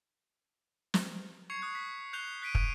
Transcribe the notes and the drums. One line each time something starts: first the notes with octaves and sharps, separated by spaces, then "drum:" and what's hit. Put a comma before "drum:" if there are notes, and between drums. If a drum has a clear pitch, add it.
drum: snare
C#6 G#6 C7 C#7 F7
D#6 F#6
B6
F#6 G6 C7 F7 G7
F#6 B6 D7 D#7
D#7, drum: kick